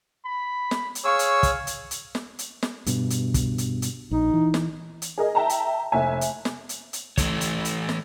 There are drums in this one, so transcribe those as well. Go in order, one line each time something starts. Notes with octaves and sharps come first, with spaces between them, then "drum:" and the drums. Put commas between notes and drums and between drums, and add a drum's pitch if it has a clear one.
B5
drum: snare
drum: hi-hat
G#4 C#5 F5 C#6 E6
drum: hi-hat
drum: kick, hi-hat
drum: hi-hat
drum: hi-hat
drum: snare
drum: hi-hat
drum: snare
G2 B2, drum: hi-hat
drum: hi-hat
drum: kick, hi-hat
drum: hi-hat
drum: hi-hat
A#1 D#4
E3
drum: snare
drum: hi-hat
G#4 A#4 D#5
E5 G5 A5 A#5
drum: hi-hat
F1 E5 G#5
drum: hi-hat
drum: snare
drum: hi-hat
drum: hi-hat
E3 A3 A4 C#5, drum: kick, hi-hat
drum: hi-hat
drum: hi-hat
drum: snare